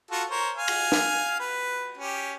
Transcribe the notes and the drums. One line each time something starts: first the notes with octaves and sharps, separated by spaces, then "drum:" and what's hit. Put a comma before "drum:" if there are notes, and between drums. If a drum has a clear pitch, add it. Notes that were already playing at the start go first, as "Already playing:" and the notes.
F4 F#4 A4
A#4 C5 C#5
F5 G#5
drum: cymbal
drum: snare
B4
C#4 G4